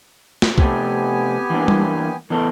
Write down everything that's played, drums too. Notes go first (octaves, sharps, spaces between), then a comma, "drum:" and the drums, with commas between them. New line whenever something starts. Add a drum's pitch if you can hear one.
drum: snare
C3 A3 B3 G4 G#5, drum: kick C2
E3 A#3 D4
drum: tom G3
E3 B3 A4 A#4